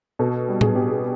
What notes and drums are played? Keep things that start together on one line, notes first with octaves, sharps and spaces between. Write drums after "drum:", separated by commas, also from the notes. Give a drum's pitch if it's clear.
B2 A4
G3
G#4, drum: tom A2
B3 G4
G#4